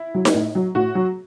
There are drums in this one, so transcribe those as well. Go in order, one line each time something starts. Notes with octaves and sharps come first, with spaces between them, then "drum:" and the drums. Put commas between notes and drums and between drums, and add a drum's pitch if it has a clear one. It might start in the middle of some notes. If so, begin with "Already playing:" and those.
Already playing: E4
F#3
drum: snare D#4
A2
F#3
A2 F#4
F#3